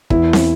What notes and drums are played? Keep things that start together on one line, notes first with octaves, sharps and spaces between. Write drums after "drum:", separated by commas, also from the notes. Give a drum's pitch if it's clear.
E2 E4, drum: kick
drum: snare